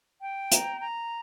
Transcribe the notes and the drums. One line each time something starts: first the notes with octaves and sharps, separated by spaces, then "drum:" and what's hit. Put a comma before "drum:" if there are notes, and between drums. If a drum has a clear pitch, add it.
G5
A#5, drum: hi-hat
A#5